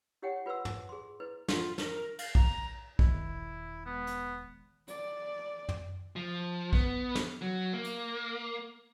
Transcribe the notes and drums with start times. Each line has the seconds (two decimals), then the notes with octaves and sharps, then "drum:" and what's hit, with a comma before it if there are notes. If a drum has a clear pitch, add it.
0.22 E4 G4 C#5 F#5 G5
0.46 F4 B4 F#5 C6 E6
0.65 drum: tom
0.89 G#4 C6
1.20 E4 B4
1.48 F4, drum: snare
1.78 A#4, drum: snare
2.19 F5, drum: cymbal
2.35 A#5, drum: kick
2.99 E1 A#2 D#3 E4, drum: kick
3.86 G#3 B3
4.07 drum: hi-hat
4.88 D5, drum: hi-hat
5.69 drum: tom
6.16 F3
6.73 B3, drum: kick
7.15 drum: snare
7.41 F#3
7.73 A#3
7.84 drum: hi-hat